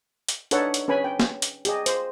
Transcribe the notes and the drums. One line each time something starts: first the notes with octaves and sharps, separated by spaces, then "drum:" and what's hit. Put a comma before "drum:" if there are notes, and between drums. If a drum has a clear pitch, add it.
drum: hi-hat
D4 D#4 A4 B4 C#5 F#5, drum: hi-hat
drum: hi-hat
C#4 B4 G#5 B5
G5
drum: snare
drum: hi-hat
G4 G#4 D#5, drum: hi-hat
C5, drum: hi-hat